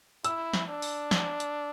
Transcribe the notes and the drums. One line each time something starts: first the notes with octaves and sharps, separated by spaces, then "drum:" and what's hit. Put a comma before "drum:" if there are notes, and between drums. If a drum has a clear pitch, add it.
E4 E6, drum: hi-hat
drum: snare
D4
drum: open hi-hat
drum: snare
drum: hi-hat